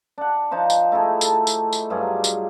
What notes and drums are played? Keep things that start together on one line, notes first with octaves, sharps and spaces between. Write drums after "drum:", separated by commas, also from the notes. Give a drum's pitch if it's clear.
D4 F#5
F3 D#4 C5 F5
drum: tambourine
A3 D#4 E4 G#4
A4, drum: tambourine
drum: tambourine
drum: tambourine
G2 F#3 F4 G#4
drum: tambourine